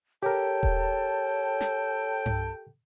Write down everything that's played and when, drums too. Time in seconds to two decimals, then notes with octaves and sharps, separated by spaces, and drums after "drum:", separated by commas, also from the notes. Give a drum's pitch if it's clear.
0.23 G4 A4 A#4 C#5 G5 A5
0.63 drum: kick D#1
1.61 drum: snare
2.26 drum: tom G2